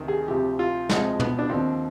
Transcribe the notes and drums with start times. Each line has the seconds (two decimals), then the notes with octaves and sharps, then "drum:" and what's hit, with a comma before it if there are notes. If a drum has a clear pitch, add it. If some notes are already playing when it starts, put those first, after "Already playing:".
Already playing: D2 C3 D#3
0.08 G#4
0.28 D2 C3 F3 G4
0.59 F4
0.89 D2 C3 F3 G#3, drum: snare
1.20 B3, drum: tom
1.39 D4
1.49 D#2 D3 F3 C4